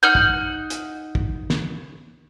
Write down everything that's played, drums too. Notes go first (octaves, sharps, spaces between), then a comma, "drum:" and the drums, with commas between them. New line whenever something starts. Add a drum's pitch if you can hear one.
D#4 F#5 F6 G6
drum: kick
drum: hi-hat
drum: kick
drum: snare